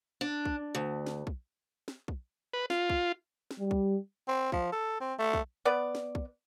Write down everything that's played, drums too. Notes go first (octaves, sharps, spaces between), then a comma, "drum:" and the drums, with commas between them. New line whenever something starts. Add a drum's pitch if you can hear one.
D4
drum: kick
D2
drum: snare
drum: kick
drum: snare
drum: kick
B4
F4, drum: snare
drum: kick
drum: snare
G3
drum: kick
C4
F3, drum: kick
A4
C4
A3
drum: kick
B3 B4 D5
drum: snare
drum: kick